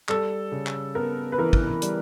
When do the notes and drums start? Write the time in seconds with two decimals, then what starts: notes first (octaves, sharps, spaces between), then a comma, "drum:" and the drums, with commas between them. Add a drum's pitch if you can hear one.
0.09 G3 A4, drum: clap
0.52 C#3
0.67 drum: clap
0.95 B3 A#4
1.32 B4
1.38 E3 A#4
1.53 drum: kick
1.82 G3, drum: hi-hat